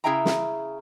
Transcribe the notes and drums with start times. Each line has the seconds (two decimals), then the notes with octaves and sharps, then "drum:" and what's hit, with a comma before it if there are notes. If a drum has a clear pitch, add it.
0.04 C#3 E4 G#4 E5 G5 A#5
0.25 drum: snare